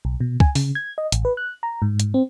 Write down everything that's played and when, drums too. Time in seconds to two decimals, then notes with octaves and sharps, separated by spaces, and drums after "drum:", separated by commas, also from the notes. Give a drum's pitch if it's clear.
0.05 B1
0.20 B2
0.40 G#5, drum: kick
0.55 C#3, drum: open hi-hat
0.75 G#6
0.98 D#5
1.12 A1, drum: hi-hat
1.25 B4
1.37 F#6
1.63 A#5
1.82 G#2
2.00 drum: hi-hat
2.14 C4